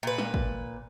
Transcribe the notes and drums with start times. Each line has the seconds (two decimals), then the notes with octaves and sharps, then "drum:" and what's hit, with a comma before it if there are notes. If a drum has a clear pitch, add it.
0.03 A#2 B4
0.18 drum: snare
0.34 drum: kick